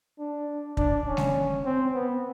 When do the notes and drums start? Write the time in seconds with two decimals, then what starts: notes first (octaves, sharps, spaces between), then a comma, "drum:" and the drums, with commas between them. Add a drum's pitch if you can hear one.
0.19 D4
0.77 D4, drum: kick
1.06 C#4
1.17 drum: snare G#3
1.65 C4
1.94 B3